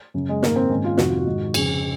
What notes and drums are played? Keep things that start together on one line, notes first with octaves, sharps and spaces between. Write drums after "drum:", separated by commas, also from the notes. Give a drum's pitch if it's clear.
F#2 C#3
G#3
G#2 D#3 A#3, drum: snare
C4
G#2 C#4
D#3
F4
F2 C3 D#3 F#4, drum: snare
F4
F#4
G#2 D#3
F2 C#3 G#4, drum: cymbal